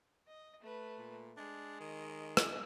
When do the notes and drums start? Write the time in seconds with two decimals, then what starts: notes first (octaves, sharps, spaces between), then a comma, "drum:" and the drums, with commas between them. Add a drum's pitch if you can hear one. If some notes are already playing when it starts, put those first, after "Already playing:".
0.27 D#5
0.61 A3 B4
0.99 A#2
1.37 G#3 D4
1.80 D#3
2.37 drum: rim click